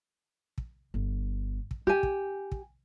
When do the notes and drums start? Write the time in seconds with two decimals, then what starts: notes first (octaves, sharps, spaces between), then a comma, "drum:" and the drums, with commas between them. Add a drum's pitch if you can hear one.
0.58 drum: kick
0.94 G1
1.71 drum: kick
1.87 D#4 G4 G#5
2.03 drum: kick
2.52 drum: kick